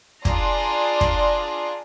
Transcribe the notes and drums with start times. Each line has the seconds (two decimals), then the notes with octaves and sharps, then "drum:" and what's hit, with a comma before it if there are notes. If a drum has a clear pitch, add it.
0.25 D4 F4 G#4 D5 A#5 C6, drum: kick
1.01 drum: kick